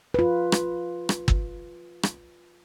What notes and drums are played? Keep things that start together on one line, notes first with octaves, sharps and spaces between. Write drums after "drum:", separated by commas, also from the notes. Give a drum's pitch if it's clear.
F4 B4
drum: rim click
drum: rim click
drum: kick G1
drum: rim click